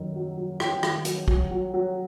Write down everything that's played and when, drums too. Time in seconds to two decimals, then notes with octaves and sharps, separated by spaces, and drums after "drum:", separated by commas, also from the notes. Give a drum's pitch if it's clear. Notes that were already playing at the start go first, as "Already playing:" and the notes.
Already playing: F#2 D#3
0.16 F#3
0.38 F#3
0.60 F#3 G5, drum: rim click
0.83 D#3, drum: rim click
1.05 F#3, drum: hi-hat
1.28 F#3, drum: kick
1.51 F#3
1.74 F#3